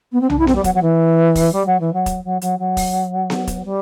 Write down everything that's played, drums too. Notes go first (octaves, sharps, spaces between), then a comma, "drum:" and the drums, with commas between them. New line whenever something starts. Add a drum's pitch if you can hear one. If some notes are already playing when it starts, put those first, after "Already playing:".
B3
C4
D4, drum: tom B1
E4
C4, drum: snare B3
G3
F#3, drum: kick, hi-hat
F#3
E3
drum: kick, open hi-hat
G3
F#3
E3
F#3
drum: kick, hi-hat
F#3
F#3, drum: hi-hat
F#3
drum: kick, open hi-hat
drum: snare B3
drum: kick, hi-hat
G3